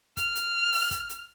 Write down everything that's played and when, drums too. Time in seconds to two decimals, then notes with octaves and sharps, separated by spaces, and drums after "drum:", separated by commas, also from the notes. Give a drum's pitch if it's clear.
0.17 F6, drum: kick, hi-hat
0.35 drum: hi-hat
0.72 drum: open hi-hat
0.91 drum: kick, hi-hat
1.09 drum: hi-hat